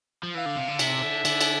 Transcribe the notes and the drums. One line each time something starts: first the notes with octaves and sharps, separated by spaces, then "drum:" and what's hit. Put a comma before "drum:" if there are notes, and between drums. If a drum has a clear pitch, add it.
F3
E3 F5
D3
C3
D3
C3 E5, drum: cymbal
D3
D3, drum: cymbal
drum: cymbal